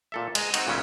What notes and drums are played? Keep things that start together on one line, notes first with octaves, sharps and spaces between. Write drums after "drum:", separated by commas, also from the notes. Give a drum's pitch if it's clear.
A#2 A4 E5
G#3 A#5, drum: cymbal
C4 D#4 F#4, drum: cymbal
B1 A#2 C#3 C#4 E5